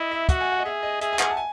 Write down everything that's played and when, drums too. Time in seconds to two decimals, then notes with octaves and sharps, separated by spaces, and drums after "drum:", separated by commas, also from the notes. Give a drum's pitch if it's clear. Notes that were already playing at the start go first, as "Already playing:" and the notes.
Already playing: E4 D#5
0.11 E5
0.29 F#4 F#5, drum: kick, hi-hat
0.41 G#5
0.52 F#5
0.59 D#5
0.65 G#4 E5
0.83 D#5
1.01 G#4 E5, drum: hi-hat
1.13 G#5
1.19 F#5, drum: clap
1.30 A5
1.37 G#5